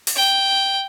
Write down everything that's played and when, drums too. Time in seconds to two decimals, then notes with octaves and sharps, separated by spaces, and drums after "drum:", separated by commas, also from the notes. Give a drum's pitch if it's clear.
0.07 drum: open hi-hat
0.16 G5